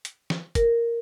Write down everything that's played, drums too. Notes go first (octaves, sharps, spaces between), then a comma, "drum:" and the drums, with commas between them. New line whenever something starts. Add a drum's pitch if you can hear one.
drum: hi-hat
drum: snare
A#4, drum: kick, hi-hat